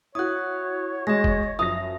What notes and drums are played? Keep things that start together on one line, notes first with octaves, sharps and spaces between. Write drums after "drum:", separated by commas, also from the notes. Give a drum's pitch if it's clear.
E4 F#4 C#5 D#6 F#6
G#3 D#5 A#6
drum: kick F#1
F#2 F3 E5 D#6 A#6